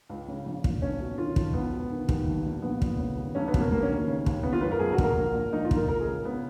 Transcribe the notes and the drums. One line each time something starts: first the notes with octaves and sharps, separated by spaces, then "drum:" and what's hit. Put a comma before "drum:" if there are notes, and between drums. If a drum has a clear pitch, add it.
C#2
C#3
A#1
A#2, drum: kick
B1 C#4
B2
D#3 F4
F2, drum: kick
C#2 B3
B2
D#3
D#2, drum: kick
B1
A#2
A#1 B3
A#2, drum: kick
C#3
D#2
B1 C#4
B3
B2, drum: kick
A#3
D#2 A#3
C#4
D#3
C#3
D#2, drum: kick
C#3 B3
F4
F#2 B4
A#4
B1 G#4
F#4
A#2, drum: kick
A#4
A#1
A#2
A#1 D#4
F4
A#2, drum: kick
A#4
C#2 A#4
G#4
C#3
C#3 B3